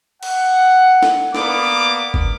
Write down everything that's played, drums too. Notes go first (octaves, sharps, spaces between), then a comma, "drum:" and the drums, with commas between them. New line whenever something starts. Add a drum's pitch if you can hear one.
F#5, drum: cymbal
drum: snare
A#3 B3 D5 D6, drum: snare
drum: kick G1